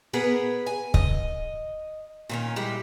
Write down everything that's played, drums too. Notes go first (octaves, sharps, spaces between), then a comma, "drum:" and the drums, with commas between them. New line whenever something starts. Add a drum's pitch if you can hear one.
B3 G#4 A#4 B4
G#5
D#5, drum: kick C#1
A#2 D#3 C#4
G3 G#3 E4